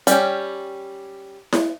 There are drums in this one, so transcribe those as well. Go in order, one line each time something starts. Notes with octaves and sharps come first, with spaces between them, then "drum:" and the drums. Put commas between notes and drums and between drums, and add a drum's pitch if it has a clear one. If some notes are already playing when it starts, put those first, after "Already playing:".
G3 C#4 G4, drum: hi-hat
drum: snare E4